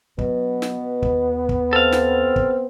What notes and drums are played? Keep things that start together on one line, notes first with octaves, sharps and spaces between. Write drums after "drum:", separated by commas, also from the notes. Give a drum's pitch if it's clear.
B2 F#3 B3 D4, drum: kick
drum: snare
D#2, drum: kick
drum: kick
C4 A4 F5
drum: snare
drum: kick